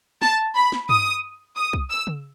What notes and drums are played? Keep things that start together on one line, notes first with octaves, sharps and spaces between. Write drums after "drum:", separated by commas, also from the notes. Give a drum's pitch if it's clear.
A5, drum: snare
B5
drum: snare
D#6, drum: tom G2
D#6
drum: kick C2
E6
drum: tom C#3